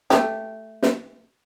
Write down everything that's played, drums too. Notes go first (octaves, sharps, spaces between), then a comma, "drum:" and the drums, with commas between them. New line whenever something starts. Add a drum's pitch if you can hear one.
A3 G4, drum: snare
drum: snare